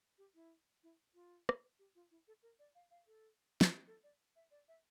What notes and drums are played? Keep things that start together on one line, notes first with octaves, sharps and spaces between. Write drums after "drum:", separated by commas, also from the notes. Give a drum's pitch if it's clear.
G4
E4
E4
F4
drum: rim click
G4
F4
E4
A4
A#4
D5
F5
F5
A4
drum: snare
G4
A4
D5
E5
D5
E5